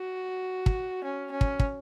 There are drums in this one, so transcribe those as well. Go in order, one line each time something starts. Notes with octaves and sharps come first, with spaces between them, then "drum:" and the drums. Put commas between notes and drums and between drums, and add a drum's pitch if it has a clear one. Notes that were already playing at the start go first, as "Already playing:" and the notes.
Already playing: F#4
drum: kick
C#4
C#4
drum: kick
drum: kick